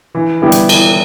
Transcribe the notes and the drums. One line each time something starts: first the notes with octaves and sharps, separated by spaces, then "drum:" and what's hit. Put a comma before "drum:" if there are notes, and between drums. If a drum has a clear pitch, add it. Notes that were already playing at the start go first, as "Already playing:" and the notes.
E3
G3 B3 E4 G4
drum: hi-hat
E3, drum: cymbal